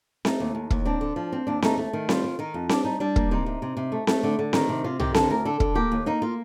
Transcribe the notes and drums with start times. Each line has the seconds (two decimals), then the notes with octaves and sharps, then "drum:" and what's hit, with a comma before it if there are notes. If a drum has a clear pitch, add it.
0.25 A3 D#4, drum: snare C4
0.40 D#2
0.55 D#2
0.70 D#2, drum: kick
0.85 C4 D4
1.01 D3
1.16 F3
1.32 C4
1.47 D#2 D4
1.62 A3 D#4, drum: snare C4
1.78 A3
1.93 D#3
2.09 G3 F4, drum: snare C4
2.24 D#3
2.39 D#3 D#4
2.54 F2
2.69 G3 D4, drum: snare C4
2.84 G3 D#4
3.00 G3 D4
3.16 A#3, drum: kick
3.31 C3 D#4
3.46 C3
3.62 C3
3.77 C3
3.92 A3
4.07 A3, drum: snare C4
4.23 D3
4.39 D3
4.53 D#3 D#4, drum: snare C4
4.69 C3
4.84 C3 F4
5.00 D#3 G4, drum: tom B1
5.14 D3 A4, drum: snare C4
5.30 D2 A#4
5.45 D3 A4
5.60 D3, drum: kick
5.75 A#3 G4
5.92 D#2
6.06 A#3 D#4
6.22 A#3 F4